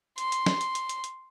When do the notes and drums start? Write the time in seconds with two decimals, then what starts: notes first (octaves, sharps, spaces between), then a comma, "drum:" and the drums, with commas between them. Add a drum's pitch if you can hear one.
0.18 C6, drum: hi-hat
0.32 drum: hi-hat
0.46 drum: snare
0.61 drum: hi-hat
0.75 drum: hi-hat
0.89 drum: hi-hat
1.04 drum: hi-hat